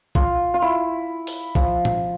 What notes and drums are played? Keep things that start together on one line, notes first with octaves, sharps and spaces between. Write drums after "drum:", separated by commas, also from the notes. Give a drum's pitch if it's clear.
F4, drum: kick A#1
F4
E4
drum: open hi-hat
F3, drum: kick A#1
drum: tom